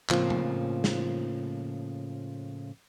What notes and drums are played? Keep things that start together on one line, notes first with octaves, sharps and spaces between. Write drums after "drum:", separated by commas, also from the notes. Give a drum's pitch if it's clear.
A2 C#3 F3 A#3 C4 F4, drum: clap
drum: tom A2
drum: snare